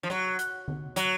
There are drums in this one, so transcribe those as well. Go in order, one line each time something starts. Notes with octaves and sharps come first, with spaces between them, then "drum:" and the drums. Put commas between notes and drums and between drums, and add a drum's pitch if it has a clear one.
F3
F#3, drum: rim click
drum: hi-hat
drum: tom D3
F#3, drum: hi-hat